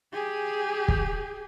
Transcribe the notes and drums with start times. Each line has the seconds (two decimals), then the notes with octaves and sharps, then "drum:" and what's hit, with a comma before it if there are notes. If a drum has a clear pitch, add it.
0.13 G4 G#4
0.88 drum: kick